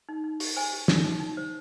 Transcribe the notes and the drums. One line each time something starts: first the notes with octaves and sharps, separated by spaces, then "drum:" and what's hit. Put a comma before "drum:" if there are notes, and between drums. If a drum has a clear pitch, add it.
D#4
D#4
G4, drum: open hi-hat
C5 G#5
G4
D#4, drum: snare
D#4
D#4
C5